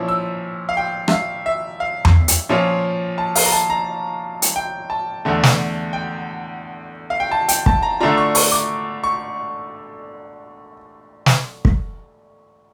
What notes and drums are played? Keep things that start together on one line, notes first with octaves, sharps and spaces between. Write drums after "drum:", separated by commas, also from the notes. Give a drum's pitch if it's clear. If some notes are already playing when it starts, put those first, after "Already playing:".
Already playing: A#2 F3 C#4 E4
E6
F5
G5
E5, drum: rim click
F5
E5
F5
drum: tom E2
drum: hi-hat
A#2 F3 C#4 F4
A5
F5, drum: open hi-hat
A#5
A5
A#5
drum: hi-hat
G5
A5
E2 D3 A3
drum: snare
G5
F5
G5
A5
G5, drum: hi-hat
A5, drum: kick
A#5
D3 A3 D4 F4 A#5
C#6
C#6, drum: open hi-hat
D6
C#6
drum: snare
drum: kick